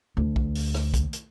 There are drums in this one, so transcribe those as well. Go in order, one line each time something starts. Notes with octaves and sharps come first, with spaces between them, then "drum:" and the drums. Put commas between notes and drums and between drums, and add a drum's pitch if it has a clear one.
D2
drum: kick
drum: open hi-hat
drum: rim click
drum: kick, hi-hat
drum: hi-hat